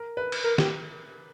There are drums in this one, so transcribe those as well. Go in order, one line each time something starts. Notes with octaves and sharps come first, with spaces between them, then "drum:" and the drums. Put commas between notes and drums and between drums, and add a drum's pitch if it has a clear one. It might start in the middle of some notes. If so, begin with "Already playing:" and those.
Already playing: A#4
B4
drum: cymbal
A#4
G4, drum: snare